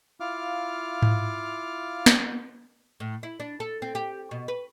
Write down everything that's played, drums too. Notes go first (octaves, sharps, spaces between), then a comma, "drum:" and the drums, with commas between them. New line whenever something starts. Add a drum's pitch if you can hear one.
E4 F4 F5 D6 F6
drum: tom G#2
drum: snare
A2
E4
D4
A4
C4
G4
B2
B4